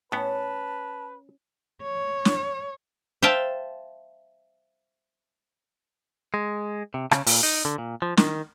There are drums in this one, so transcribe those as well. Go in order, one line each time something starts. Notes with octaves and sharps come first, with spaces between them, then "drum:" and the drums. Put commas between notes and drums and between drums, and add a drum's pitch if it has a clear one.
A2 B3 C#4 B4 A5
C#5
drum: snare
C5 E5 F5 G5 A5
G#3
C3
C#3, drum: rim click
A#2, drum: open hi-hat
D#4
D3
A#2
F3
D#3, drum: snare